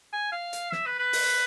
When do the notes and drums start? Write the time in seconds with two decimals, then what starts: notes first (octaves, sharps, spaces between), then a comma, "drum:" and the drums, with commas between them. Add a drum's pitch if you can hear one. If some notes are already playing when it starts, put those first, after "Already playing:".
0.13 G#5
0.32 F5
0.53 drum: hi-hat
0.72 E5, drum: snare
0.86 B4
0.99 B4
1.13 drum: open hi-hat